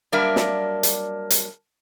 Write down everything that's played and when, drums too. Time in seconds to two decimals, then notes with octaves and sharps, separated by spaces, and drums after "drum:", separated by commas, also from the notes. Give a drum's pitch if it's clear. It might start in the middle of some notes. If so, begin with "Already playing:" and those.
0.12 F#3 G3 A#3 D4 A#4 E5
0.36 drum: snare
0.83 drum: hi-hat
1.30 drum: hi-hat